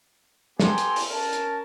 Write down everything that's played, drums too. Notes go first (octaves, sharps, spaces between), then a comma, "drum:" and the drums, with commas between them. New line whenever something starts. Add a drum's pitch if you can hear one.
B3 G4 A4 G#5 A#5 C6, drum: snare
drum: hi-hat
drum: open hi-hat
C#4 A#4 A5
drum: hi-hat